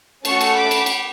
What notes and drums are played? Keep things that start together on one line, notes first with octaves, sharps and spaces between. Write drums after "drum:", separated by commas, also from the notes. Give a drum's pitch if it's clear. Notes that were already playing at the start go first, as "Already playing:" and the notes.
A3 C#4 F#4 A4 A5 C#6, drum: cymbal
drum: cymbal
B5 D6
drum: cymbal
drum: cymbal